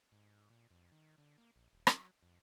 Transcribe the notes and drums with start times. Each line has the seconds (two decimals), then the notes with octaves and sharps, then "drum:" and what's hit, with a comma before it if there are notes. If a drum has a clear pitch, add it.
0.12 G#2
0.50 A#2
0.71 F2
0.92 D#3
1.18 D3
1.38 A#3
1.56 A#1
1.73 D#1
1.87 F#3, drum: rim click
2.23 F2